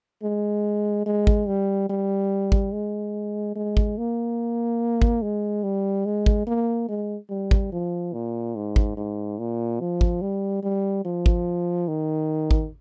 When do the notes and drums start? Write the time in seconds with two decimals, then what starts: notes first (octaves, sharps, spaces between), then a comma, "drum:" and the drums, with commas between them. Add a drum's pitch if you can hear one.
0.23 G#3
1.06 G#3
1.27 drum: kick
1.47 G3
1.90 G3
2.52 drum: kick
2.73 G#3
3.56 G#3
3.77 drum: kick
3.98 A#3
5.02 drum: kick
5.22 G#3
5.64 G3
6.06 G#3
6.26 drum: kick
6.47 A#3
6.89 G#3
7.30 G3
7.51 drum: kick
7.72 F3
8.13 A#2
8.56 G#2
8.76 drum: kick
8.97 G#2
9.39 A#2
9.80 F3
10.01 drum: kick
10.22 G3
10.63 G3
11.05 F3
11.26 drum: kick
11.88 D#3
12.51 drum: kick